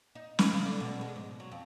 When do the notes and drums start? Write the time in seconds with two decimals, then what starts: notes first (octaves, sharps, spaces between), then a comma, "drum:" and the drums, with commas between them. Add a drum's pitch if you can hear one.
0.15 D#4
0.39 B4, drum: snare
0.53 C#3
0.65 D3
0.80 B2
1.01 G#3
1.16 G#2
1.40 F#3
1.51 F2